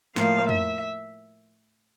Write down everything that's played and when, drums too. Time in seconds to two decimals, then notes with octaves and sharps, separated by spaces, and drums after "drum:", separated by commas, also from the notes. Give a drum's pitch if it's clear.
0.16 A2 F3 A#3 F5, drum: snare
0.49 E5, drum: tom